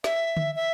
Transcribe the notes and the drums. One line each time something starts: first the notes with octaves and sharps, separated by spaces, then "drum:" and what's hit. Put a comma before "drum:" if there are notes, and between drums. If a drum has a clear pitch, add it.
E5, drum: snare
drum: tom D3
E5